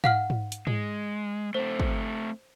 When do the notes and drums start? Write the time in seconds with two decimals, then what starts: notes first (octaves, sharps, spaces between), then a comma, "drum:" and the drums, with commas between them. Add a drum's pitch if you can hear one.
0.04 F5 F#5 F6, drum: tom G#2
0.30 drum: tom G#2
0.52 drum: hi-hat
0.67 G#3, drum: tom G#2
1.54 A3 C4 C5
1.80 drum: kick